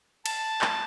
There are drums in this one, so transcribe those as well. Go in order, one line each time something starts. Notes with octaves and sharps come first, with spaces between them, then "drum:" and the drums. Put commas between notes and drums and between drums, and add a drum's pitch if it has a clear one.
A5, drum: cymbal
drum: clap